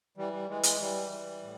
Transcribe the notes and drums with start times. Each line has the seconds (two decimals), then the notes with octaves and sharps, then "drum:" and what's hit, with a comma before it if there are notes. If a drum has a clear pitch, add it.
0.17 E3 G3
0.33 G3
0.49 E3 G#3
0.63 G#3, drum: hi-hat
0.80 E3 G3
1.11 E3
1.42 A2